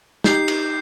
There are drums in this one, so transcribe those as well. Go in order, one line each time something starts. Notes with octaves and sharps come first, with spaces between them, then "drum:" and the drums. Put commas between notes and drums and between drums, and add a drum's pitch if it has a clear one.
D#4 G4 G6 C7, drum: snare
drum: cymbal